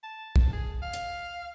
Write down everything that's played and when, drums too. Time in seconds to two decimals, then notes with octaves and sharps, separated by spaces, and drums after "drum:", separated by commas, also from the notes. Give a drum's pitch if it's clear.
0.03 A5
0.36 drum: kick
0.53 G#4
0.82 F5
0.93 drum: hi-hat